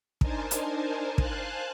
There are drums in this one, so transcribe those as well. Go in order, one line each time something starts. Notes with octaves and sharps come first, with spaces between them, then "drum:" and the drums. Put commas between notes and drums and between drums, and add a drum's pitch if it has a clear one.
D4 D#4 A#4 C5 G#5 A5, drum: kick
drum: hi-hat
C5 F5 G#5 A5 F#6, drum: kick